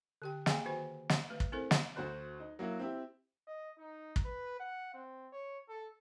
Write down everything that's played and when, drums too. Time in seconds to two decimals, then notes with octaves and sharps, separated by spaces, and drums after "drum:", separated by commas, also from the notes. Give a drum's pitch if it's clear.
0.22 D3 G4 G5
0.46 A#3 G#4 F5 G5 G#5, drum: snare
0.66 D#3 F#4 C5 G#5
1.09 drum: snare
1.30 A3 B4
1.40 drum: kick
1.52 C4 E4 A4 A#4 C5
1.71 drum: snare
1.96 D2 F#4 C5 F#6
2.40 D#4
2.59 F#3 A#3 E4 F#4
2.79 C4 E4 G4
3.47 D#5
3.79 D#4
4.16 drum: kick
4.25 B4
4.60 F#5
4.94 C4
5.33 C#5
5.69 A4